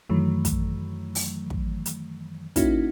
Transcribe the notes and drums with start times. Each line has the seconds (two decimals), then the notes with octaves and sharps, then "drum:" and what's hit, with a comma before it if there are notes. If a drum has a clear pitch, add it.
0.09 F#2 D#3 E3 F#3 A3
0.45 drum: kick, hi-hat
1.15 drum: open hi-hat
1.50 drum: kick
1.86 drum: hi-hat
2.56 A#3 C#4 D#4 E4 F#4, drum: kick, hi-hat